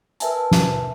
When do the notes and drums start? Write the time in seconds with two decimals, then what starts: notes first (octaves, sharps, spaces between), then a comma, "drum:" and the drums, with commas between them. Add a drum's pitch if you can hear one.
0.20 A#4 B4 E5 G#5 A5, drum: hi-hat
0.51 drum: snare